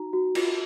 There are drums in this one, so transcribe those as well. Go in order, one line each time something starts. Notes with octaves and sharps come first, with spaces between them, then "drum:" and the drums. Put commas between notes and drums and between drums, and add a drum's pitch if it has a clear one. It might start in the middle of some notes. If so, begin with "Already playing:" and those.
Already playing: D#4 F#4 A#5
F#4
F4, drum: cymbal